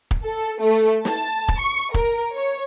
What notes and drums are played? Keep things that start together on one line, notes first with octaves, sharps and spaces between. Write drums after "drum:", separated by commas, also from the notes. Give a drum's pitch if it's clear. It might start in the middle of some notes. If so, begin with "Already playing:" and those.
drum: kick
A4
A3
A5, drum: snare
drum: kick
C#6
A#4, drum: kick
C#5